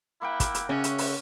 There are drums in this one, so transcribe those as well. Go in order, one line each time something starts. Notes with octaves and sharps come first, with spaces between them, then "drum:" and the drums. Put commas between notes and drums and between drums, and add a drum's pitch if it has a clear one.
A#3 E4 F#5 G5
drum: kick, hi-hat
drum: hi-hat
C#3 C#4 F#4 E5
drum: hi-hat
drum: open hi-hat